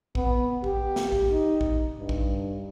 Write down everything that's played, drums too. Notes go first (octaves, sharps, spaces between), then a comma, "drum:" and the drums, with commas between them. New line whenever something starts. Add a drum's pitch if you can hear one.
B3, drum: kick A1
G4, drum: kick A1
drum: snare
drum: kick A1
D#4
drum: kick A1
G2
drum: kick A1